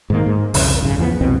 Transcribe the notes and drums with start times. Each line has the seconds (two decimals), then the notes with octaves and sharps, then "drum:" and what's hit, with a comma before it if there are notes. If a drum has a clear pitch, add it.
0.10 G#2 D#3 A#3
0.26 G#2
0.54 C2 F2 C#3, drum: open hi-hat
0.81 G#1 F#2 C#3
0.98 E2 F3 G3 B3
1.21 C2 F2 B2 C4